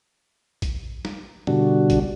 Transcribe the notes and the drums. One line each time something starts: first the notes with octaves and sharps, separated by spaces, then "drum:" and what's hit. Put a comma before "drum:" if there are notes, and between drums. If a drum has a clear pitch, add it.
drum: kick, hi-hat
drum: snare
B2 D3 G3 D4 F#4, drum: tom
drum: kick, hi-hat